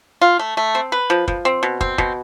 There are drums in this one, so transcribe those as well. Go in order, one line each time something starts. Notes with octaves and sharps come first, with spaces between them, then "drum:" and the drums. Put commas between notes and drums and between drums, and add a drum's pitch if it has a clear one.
F4
A3
A3
C4
B4
F3
F3, drum: kick
C4
B2
C4, drum: kick
B2, drum: kick